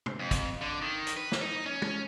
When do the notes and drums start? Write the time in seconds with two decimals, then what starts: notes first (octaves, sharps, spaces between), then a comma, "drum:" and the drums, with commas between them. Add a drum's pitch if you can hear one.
0.06 drum: tom
0.19 F2
0.31 drum: kick, hi-hat
0.61 D3
0.81 D#3
1.07 drum: hi-hat
1.17 B4
1.32 drum: snare
1.42 D#4
1.66 C#4
1.82 drum: tom